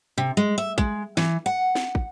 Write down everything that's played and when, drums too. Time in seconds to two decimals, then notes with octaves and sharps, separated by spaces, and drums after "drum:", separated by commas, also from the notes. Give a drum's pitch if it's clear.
0.18 C3
0.37 G#3
0.58 E5
0.78 G#3, drum: kick
1.17 E3, drum: snare
1.46 F#5
1.75 drum: snare
1.95 drum: kick